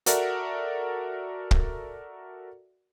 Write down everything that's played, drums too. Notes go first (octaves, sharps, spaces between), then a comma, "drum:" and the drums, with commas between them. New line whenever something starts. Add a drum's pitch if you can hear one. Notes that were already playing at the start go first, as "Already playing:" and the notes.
F#4 A4 A#4 D5 E5 F#5, drum: hi-hat
drum: kick